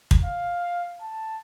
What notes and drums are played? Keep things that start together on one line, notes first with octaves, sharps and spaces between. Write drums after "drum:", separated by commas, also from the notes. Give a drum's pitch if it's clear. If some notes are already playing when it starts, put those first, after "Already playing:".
drum: kick
F5
A5